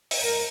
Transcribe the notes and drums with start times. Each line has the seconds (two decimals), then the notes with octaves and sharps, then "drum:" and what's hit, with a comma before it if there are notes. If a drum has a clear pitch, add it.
0.11 drum: open hi-hat
0.22 A#4